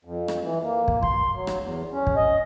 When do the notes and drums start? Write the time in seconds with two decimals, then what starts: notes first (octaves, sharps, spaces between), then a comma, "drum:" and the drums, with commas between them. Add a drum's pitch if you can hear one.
0.05 F2
0.28 drum: rim click
0.43 E3
0.63 A#3
0.88 drum: kick
1.03 C6, drum: kick
1.34 F#3
1.47 drum: rim click
1.61 E2
1.92 C#4
2.07 drum: kick
2.17 D#5